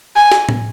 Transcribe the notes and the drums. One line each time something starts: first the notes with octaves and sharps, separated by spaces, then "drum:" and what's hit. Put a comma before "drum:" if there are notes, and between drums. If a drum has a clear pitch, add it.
G#5
drum: snare
drum: tom A2